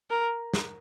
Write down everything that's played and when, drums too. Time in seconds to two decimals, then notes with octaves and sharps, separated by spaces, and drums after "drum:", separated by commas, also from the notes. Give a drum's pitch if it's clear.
0.10 A#4
0.54 drum: snare